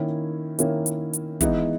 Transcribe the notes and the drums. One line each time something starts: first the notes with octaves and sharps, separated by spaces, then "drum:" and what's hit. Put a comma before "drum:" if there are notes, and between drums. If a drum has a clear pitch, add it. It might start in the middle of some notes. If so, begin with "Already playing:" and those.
Already playing: D#3 A#3 C#4 E4
D#3 A#3 C#4 E4, drum: hi-hat
drum: hi-hat
drum: hi-hat
E3 G#3 B3 D#4, drum: kick, hi-hat